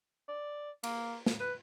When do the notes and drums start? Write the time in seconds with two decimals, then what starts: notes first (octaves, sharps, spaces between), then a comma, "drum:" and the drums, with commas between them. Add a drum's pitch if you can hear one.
0.28 D5
0.83 A#3, drum: cymbal
1.26 drum: snare
1.40 B4